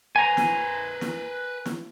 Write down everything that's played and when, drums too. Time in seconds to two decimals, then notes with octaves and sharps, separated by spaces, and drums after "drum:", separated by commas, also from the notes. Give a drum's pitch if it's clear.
0.16 B4 C5 G#5 A#5
0.37 drum: snare
1.01 drum: snare
1.66 drum: snare